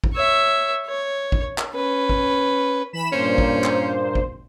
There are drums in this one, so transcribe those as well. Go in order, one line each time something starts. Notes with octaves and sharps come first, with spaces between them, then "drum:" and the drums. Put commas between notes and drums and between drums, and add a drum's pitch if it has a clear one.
drum: kick G#1
C#5 E5
C#5
drum: kick G#1
drum: clap
C#4 B4
drum: kick G#1
E3 B5 E7
G2 A#2 A#3 C#4 C5
drum: kick G#1
drum: clap
drum: kick G#1